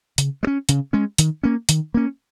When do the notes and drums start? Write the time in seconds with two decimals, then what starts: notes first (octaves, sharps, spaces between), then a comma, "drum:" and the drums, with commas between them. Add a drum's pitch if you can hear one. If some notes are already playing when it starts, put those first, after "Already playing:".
0.18 C#3, drum: hi-hat
0.43 G#3
0.47 C#4
0.69 C#3, drum: hi-hat
0.93 G#3 C#4
1.18 D#3, drum: hi-hat
1.43 A#3 C#4
1.69 D#3, drum: hi-hat
1.94 A#3 C#4